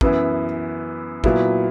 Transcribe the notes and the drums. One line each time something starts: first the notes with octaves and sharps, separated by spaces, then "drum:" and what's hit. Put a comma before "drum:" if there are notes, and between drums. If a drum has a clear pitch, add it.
F#2 E3 B3 E4, drum: kick
A#2 F#3 B3 E4, drum: kick